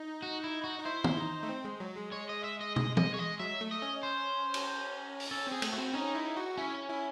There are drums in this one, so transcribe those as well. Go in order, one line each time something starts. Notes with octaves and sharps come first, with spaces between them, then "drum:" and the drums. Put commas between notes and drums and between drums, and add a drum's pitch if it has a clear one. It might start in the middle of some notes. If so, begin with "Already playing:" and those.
Already playing: D#4
F#4
E4
F#4
D#4
E4 C5
drum: tom
D#4
A3
C4
G#3
F#3
G#3
G#3 C#5
D#5
E5
D#5
D#5, drum: tom
D#5, drum: tom
C#5
D#5
F#3 E5
A3
D#5
C#4
C5
drum: cymbal
drum: open hi-hat
C#4 A4
C4 G#4
A3, drum: cymbal
F#4
C4
C#4 D#4
E4
F#4
C#4 E4
E4